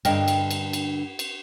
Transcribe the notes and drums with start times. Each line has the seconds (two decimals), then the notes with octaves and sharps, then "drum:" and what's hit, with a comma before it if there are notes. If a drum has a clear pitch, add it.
0.05 G2 D3 A#4 D#5 F5 G5, drum: cymbal
0.28 drum: cymbal
0.51 drum: cymbal
0.73 drum: cymbal
1.19 drum: cymbal